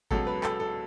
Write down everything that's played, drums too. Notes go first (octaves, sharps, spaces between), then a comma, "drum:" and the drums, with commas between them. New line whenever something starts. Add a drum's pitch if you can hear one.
C#2 B2 F#3 A4, drum: kick G#1
B4
A4, drum: clap
A4